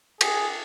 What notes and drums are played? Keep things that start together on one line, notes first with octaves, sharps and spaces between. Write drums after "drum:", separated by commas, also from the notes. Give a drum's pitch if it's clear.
G#4, drum: cymbal